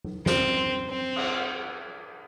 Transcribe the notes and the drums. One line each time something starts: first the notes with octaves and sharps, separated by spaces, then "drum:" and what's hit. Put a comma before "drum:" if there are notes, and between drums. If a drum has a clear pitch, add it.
drum: tom
C4, drum: snare
C4
drum: cymbal